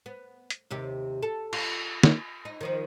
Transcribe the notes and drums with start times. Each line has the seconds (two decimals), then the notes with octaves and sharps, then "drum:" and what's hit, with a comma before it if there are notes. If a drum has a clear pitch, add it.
0.06 B3
0.50 drum: hi-hat
0.70 D#2 C3 G4
1.23 A4
1.53 F4, drum: cymbal
2.03 drum: snare
2.45 D#4
2.61 D#3 F3 D#4